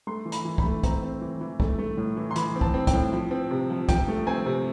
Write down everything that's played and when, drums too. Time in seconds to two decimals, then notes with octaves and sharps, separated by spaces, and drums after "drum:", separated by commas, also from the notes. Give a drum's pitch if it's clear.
0.07 A3 C6
0.25 E3
0.32 B5, drum: hi-hat
0.45 E3
0.58 B5, drum: kick
0.64 A3
0.84 C4 A#5, drum: kick, hi-hat
1.02 C4
1.22 E3
1.41 E3
1.60 A3, drum: kick
1.79 A3
1.97 A2
2.17 E3
2.31 C6
2.36 E3 B5, drum: hi-hat
2.56 C4
2.61 A5, drum: kick
2.74 C4
2.87 G5, drum: kick, hi-hat
2.93 A2
3.13 F3
3.31 C4
3.51 C3
3.70 F3
3.89 F3 G5, drum: kick, hi-hat
4.08 A3
4.27 C4 G#5
4.46 C3